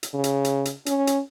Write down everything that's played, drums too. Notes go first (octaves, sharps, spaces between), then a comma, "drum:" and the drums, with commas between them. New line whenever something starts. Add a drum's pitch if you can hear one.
drum: hi-hat
C#3
drum: hi-hat
drum: hi-hat
drum: hi-hat
C#4, drum: hi-hat
drum: hi-hat